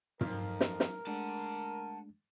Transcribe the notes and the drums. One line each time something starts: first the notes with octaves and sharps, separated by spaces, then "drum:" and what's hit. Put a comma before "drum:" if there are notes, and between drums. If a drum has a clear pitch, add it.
F2 F#3 D#4 A#4 F6, drum: tom
drum: snare
drum: snare
G#3 A3 D4 F#5 A5